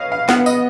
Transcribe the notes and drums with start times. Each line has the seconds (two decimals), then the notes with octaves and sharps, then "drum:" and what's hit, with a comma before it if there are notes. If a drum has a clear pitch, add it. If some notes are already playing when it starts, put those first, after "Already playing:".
Already playing: B4 C#5 D#5 F5
0.12 F5
0.29 B3 F#5, drum: snare
0.46 D#5, drum: tambourine